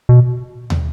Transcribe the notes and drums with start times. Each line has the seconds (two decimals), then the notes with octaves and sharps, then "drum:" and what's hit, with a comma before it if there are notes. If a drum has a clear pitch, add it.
0.09 B2
0.70 drum: tom